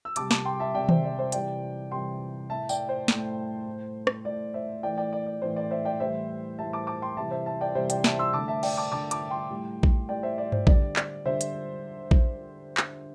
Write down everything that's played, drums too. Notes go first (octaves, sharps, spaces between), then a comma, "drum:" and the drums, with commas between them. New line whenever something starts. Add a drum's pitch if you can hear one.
E6
C3 G3 A5 D6, drum: hi-hat
A5 D6, drum: snare
G5 C6
E5 A5
C3 G3 D5 G5
C5 E5, drum: tom D#3
D5
C5 E5
C3 E3 G3 D5 G5, drum: hi-hat
C3 E3 G3 G5 C6
A2 A3 E5 A5
D5 G5, drum: tambourine
C5
A2 A3, drum: snare
A2 A3
drum: rim click
A2 A3 D5
C5 E5
A2 E3 A3 D5 G5
D5 G5
D5
D5
A2 E3 A3 C5
D5
C5 E5
D5 G5
A2 E3 G3 C5 E5
A2 E3 G3 E5 A5
A5 D6
A5 D6
G5 C6
C3 E3 G3 E5 A5
C5 E5
E5 A5
D5 G5
C3 E3 G3 C5 E5
D5 G5, drum: hi-hat
E5 A5, drum: snare
C6 E6
D3 A3 A5 D6
E5 A5
D5 G5, drum: cymbal
A5 D6
D3 A3 A5 D6
A5 D6, drum: hi-hat
G5 C6
A2 G3
drum: kick A#1
A2 G3 D5 G5
C5 E5
D5
C5, drum: tom G2
D3 G3 D5, drum: kick A#1
D5, drum: clap
D3 G3 C5 E5
drum: hi-hat
drum: kick A#1
drum: clap